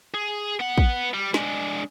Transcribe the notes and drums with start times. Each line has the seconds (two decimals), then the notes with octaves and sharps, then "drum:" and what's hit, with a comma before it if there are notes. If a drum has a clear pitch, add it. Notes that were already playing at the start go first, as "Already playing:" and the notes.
0.14 G#4
0.60 B3 F#5
0.78 drum: kick
1.14 G3
1.34 G#3 D4, drum: snare